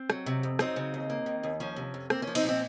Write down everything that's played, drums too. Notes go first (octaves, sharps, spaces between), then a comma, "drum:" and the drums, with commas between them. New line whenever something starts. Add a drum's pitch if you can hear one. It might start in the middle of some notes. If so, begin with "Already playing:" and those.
Already playing: C4
F#3, drum: rim click
C3
F2
F#3 C4 D#4, drum: rim click
C#3
D#2
A#3
D#3
D#2
F3 C#4
C3
F2
A#3 C4, drum: rim click
C#4
F3
C4 D#4, drum: cymbal
A#2
C4